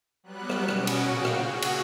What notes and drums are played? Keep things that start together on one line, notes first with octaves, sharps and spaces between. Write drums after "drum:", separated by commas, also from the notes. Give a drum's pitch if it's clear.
F#3 G3 B3 F#6
drum: rim click
B2 C#4 F#4 D#6 C#7 D7, drum: rim click
drum: cymbal
A#2 C#3 F#4 F5 G5
drum: rim click
F#4 G#4
drum: cymbal